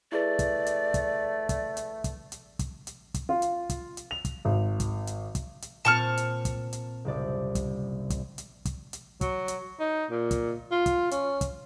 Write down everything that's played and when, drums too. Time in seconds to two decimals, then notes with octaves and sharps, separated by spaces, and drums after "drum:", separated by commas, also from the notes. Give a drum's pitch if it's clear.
0.12 A3 E4 G#4 B4 D5
0.39 drum: kick, hi-hat
0.66 drum: hi-hat
0.94 drum: kick, hi-hat
1.49 drum: kick, hi-hat
1.77 drum: hi-hat
2.04 drum: kick, hi-hat
2.32 drum: hi-hat
2.59 drum: kick, hi-hat
2.87 drum: hi-hat
3.14 drum: kick, hi-hat
3.29 F4
3.42 drum: hi-hat
3.70 drum: kick, hi-hat
3.97 drum: hi-hat
4.11 F7
4.25 drum: kick, hi-hat
4.45 G#1
4.80 drum: kick, hi-hat
5.07 drum: hi-hat
5.35 drum: kick, hi-hat
5.62 drum: hi-hat
5.85 A#2 C4 A5 C#6 F6
6.17 drum: hi-hat
6.45 drum: kick, hi-hat
6.73 drum: hi-hat
7.05 F#1 C2 D5
7.55 drum: kick, hi-hat
8.10 drum: kick, hi-hat
8.38 drum: hi-hat
8.65 drum: kick, hi-hat
8.93 drum: hi-hat
9.21 F#3, drum: kick, hi-hat
9.48 drum: hi-hat
9.80 D#4
10.11 A#2
10.31 drum: kick, hi-hat
10.71 F4
10.86 drum: kick, hi-hat
11.11 C#4, drum: hi-hat
11.41 drum: kick, hi-hat